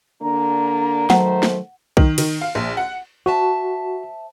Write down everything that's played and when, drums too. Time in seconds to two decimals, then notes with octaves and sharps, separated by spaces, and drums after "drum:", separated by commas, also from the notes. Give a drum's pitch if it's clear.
0.21 D3 A#3 D4 A#5
1.10 D#3 F#3 A3 C5 F#5, drum: snare
1.43 drum: snare
1.97 D#3, drum: kick B1
2.18 D#3, drum: cymbal
2.41 F5
2.55 A#1
2.77 F#5
3.26 F#4 C5 E5 A5